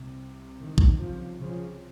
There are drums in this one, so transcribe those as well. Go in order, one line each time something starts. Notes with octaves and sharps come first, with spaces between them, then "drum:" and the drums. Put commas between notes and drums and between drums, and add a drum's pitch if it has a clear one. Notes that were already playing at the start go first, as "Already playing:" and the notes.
Already playing: C2 C3
D#3
drum: kick A#1
C#3 F3
C#3 F3